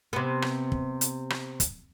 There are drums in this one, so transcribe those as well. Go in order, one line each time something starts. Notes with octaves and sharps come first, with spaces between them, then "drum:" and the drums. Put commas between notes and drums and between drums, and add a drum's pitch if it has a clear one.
C3 B3
drum: rim click
drum: kick
drum: hi-hat
drum: rim click
drum: kick, hi-hat